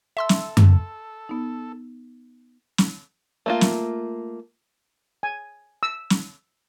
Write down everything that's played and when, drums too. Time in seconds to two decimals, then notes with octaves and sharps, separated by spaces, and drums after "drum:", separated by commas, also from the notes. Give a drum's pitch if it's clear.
0.17 A4 E5 C6 E6
0.29 drum: snare
0.57 drum: tom F#2
1.29 B3 D#4
2.78 drum: snare
3.46 A3 A#3 F4
3.61 drum: snare
5.23 G#5
5.83 E6
6.10 drum: snare